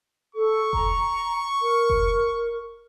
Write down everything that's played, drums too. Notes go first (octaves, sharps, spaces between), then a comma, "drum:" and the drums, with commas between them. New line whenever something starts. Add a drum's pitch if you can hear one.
A4 C#6
A#5, drum: kick F1
A#4
drum: kick F1